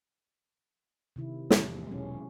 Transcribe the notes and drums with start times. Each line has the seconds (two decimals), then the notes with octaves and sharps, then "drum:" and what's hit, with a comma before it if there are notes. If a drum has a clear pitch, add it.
1.16 C3 D#3 E4
1.50 E2 A2 F3, drum: snare
1.88 E1 B1 G#3 C#4